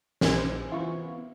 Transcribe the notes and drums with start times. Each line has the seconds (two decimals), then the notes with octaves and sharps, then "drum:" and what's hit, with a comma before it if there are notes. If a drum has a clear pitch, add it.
0.21 A#1 C5 G#5, drum: snare
0.72 E3 B3 E4 F4 C#6